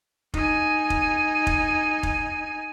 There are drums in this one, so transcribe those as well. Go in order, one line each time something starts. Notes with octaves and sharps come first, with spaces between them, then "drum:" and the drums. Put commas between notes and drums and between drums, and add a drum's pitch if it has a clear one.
D#4 G#5, drum: kick F1
drum: kick F1
drum: kick F1
drum: kick F1